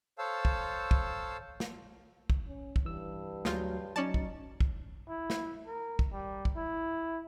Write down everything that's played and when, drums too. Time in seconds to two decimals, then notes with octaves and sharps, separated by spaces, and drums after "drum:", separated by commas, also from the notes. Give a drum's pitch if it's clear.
0.18 A4 C5 C#5 F5 A5 E6
0.45 drum: kick
0.91 drum: kick
1.60 drum: snare
2.30 drum: kick
2.47 C#4
2.76 drum: kick
2.85 G2 E3 E6
3.45 D2 F#3 G#3 F4 G6, drum: snare
3.96 F#3 C#4 D#4 D5 A5 C#7
4.14 drum: kick
4.61 drum: kick
5.08 E4
5.30 drum: snare
5.66 A#4
5.99 drum: kick
6.13 G3
6.45 drum: kick
6.56 E4